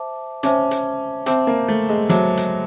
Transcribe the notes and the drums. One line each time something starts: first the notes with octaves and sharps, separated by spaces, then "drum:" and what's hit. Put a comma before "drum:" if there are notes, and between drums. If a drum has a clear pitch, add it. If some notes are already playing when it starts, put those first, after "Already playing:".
Already playing: C5 E5 A5 D6
C#4 C5 E5 A5 D6, drum: hi-hat
drum: hi-hat
C4 C5 E5 A5 D6, drum: hi-hat
A#3
A3
G#3
F#3 C5 E5 A5 D6, drum: hi-hat
drum: hi-hat